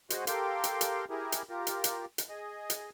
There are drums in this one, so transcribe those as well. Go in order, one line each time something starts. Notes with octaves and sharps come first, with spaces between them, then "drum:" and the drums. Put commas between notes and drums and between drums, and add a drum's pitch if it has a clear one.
G#3 F#4 G#4 C5 D#5 F#5, drum: hi-hat
G4 A4 A#4 F5 G5 C6, drum: hi-hat
drum: hi-hat
drum: hi-hat
E4 G4 G#4 A#4
drum: hi-hat
F4 G4 A#4
drum: hi-hat
drum: hi-hat
drum: hi-hat
G#4 D#5
drum: hi-hat